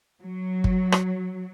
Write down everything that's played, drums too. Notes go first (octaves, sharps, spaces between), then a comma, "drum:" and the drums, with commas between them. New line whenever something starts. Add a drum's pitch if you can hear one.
F#3
drum: kick G1
drum: rim click